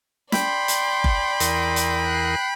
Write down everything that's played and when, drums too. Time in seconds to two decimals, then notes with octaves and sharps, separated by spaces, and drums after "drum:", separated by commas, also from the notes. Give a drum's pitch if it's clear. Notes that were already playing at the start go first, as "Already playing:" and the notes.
0.32 D5 G5 B5 C6, drum: snare
0.68 drum: hi-hat
1.04 drum: kick F#1
1.40 E2 A#4 D#6, drum: hi-hat
1.76 drum: hi-hat
2.06 F#6 C7